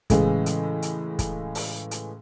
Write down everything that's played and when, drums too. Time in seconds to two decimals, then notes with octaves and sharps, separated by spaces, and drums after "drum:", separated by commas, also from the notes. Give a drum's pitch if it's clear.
0.10 A2 C#3 E3 G#3, drum: kick, hi-hat
0.46 drum: hi-hat
0.82 drum: hi-hat
1.19 drum: kick, hi-hat
1.55 drum: open hi-hat
1.91 drum: hi-hat